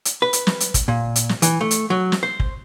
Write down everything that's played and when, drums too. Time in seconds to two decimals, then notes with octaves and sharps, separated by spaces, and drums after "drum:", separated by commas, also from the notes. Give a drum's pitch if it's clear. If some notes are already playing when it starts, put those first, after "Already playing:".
0.05 drum: hi-hat
0.22 B4
0.33 drum: hi-hat
0.47 drum: snare
0.60 drum: hi-hat
0.74 drum: kick, hi-hat
0.88 A#2
1.16 drum: hi-hat
1.29 drum: snare
1.42 E3, drum: hi-hat
1.61 A3
1.71 drum: hi-hat
1.90 F#3
2.12 drum: snare
2.23 C5
2.40 drum: kick